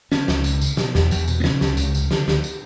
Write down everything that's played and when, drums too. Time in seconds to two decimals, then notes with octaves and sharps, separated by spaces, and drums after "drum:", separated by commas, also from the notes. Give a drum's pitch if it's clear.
0.11 C#3 C#4, drum: snare
0.28 C#2, drum: snare
0.44 C#2, drum: tambourine
0.61 C#3, drum: tambourine
0.77 B2, drum: snare
0.95 E2, drum: snare
1.11 E2, drum: tambourine
1.28 B2, drum: tambourine
1.40 B3
1.44 C#3 C#4, drum: snare
1.61 C#2, drum: snare
1.77 C#2, drum: tambourine
1.95 C#3, drum: tambourine
2.11 D3, drum: snare
2.28 D2, drum: snare
2.44 drum: tambourine